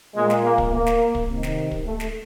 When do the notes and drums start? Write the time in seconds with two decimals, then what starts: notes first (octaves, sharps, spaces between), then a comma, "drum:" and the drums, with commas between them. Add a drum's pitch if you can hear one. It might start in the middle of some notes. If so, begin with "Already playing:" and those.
0.15 A#2 G#3
0.30 drum: snare
0.44 A#3
0.58 drum: kick
0.72 A#3
0.86 drum: snare
1.15 drum: kick
1.29 C3 D#3
1.43 drum: snare
1.71 drum: kick
1.86 A3
2.00 drum: snare